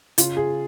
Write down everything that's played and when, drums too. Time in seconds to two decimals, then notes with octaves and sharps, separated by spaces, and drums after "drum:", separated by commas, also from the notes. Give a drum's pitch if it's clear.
0.18 C#3 F4, drum: hi-hat
0.37 G#4